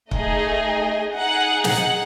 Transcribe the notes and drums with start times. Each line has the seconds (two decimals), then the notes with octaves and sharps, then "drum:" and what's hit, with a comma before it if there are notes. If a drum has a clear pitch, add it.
0.11 A3 D#4 G#4 D#5, drum: kick
1.13 D#4 G#4 F#5
1.64 F#5, drum: snare